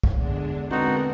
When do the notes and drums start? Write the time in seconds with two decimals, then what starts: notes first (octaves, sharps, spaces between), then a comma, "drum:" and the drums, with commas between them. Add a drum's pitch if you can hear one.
0.04 drum: kick
0.15 E2 D3 G#3 D4
0.71 B2 D3 G#3 C4 D#4 F#4 A#4 F#5